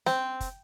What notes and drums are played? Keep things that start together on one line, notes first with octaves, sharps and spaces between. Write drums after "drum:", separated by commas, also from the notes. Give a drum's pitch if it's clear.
C4, drum: snare
drum: kick, hi-hat